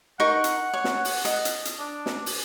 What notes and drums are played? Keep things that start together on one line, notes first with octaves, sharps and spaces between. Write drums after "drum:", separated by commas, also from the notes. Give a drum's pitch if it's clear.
D#4 A#4 F#5 C#6
drum: hi-hat
C#5
drum: snare
drum: open hi-hat
D#5, drum: hi-hat
drum: hi-hat
drum: hi-hat
D4
drum: snare
drum: open hi-hat